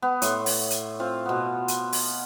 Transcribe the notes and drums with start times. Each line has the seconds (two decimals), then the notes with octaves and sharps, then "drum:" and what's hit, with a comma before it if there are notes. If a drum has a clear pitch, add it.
0.02 B3
0.22 A2 C#5 C6, drum: hi-hat
0.46 drum: open hi-hat
0.70 drum: hi-hat
1.00 C4 F4
1.25 B2 B3
1.68 drum: hi-hat
1.93 drum: open hi-hat